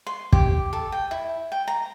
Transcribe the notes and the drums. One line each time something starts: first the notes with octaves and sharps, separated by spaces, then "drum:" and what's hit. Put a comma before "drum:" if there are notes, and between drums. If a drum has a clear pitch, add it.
C6
G4, drum: kick
A4
G5
E4
G5
A#5